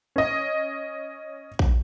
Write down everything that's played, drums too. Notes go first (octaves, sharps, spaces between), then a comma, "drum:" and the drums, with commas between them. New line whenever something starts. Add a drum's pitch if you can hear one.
C#4 D#5
drum: kick A#1